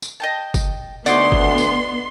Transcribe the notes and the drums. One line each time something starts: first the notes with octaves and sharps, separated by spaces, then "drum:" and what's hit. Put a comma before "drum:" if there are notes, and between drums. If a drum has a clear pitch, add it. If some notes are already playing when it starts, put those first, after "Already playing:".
drum: tambourine
D#5 G5 A5
drum: kick F#1, tambourine
D2 B3 D#4 C#5 D5 F#5 C6, drum: tambourine
drum: kick F#1
drum: tambourine